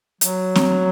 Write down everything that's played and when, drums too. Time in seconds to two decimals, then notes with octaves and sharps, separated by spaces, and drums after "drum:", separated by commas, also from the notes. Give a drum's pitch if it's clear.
0.21 F#3, drum: hi-hat
0.55 drum: snare C4